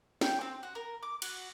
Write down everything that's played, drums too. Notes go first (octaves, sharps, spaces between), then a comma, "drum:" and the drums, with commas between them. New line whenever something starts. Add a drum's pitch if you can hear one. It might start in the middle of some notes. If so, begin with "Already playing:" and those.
G5, drum: snare
C4
F#4
A#4
D6
F#4, drum: cymbal